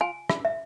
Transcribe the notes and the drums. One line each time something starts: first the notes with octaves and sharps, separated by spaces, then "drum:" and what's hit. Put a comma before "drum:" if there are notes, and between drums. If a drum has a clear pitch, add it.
F4 G#5
E4, drum: rim click
E5